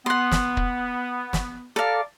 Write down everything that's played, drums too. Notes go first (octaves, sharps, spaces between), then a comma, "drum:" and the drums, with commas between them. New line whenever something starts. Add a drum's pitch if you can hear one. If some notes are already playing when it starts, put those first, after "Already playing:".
B3 F#5 C6
drum: snare
drum: kick
drum: snare
A4 D5 F5 A#5 D6